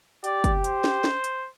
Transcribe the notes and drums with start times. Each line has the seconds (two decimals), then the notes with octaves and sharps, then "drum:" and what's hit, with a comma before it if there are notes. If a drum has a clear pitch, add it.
0.24 G4 D5, drum: hi-hat
0.44 drum: kick, hi-hat
0.64 C5, drum: hi-hat
0.84 drum: snare
1.04 drum: snare
1.24 drum: hi-hat